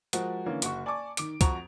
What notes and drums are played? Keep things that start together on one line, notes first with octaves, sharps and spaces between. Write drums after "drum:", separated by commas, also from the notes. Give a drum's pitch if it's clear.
F3 G#3 F#4 A#4, drum: hi-hat
D3 E3 A#3 C#4
F#1 F#4 C#6, drum: hi-hat
D5 G#5 A5 C#6 D6
D#3 D6 D7, drum: hi-hat
F2 F3 F#4 A#5 C#6 F7, drum: kick C#2, hi-hat